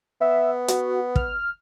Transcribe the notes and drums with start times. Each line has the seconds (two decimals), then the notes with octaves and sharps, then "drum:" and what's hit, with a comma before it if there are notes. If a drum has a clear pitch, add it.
0.21 B3 E5
0.68 F#4, drum: hi-hat
1.16 F6, drum: kick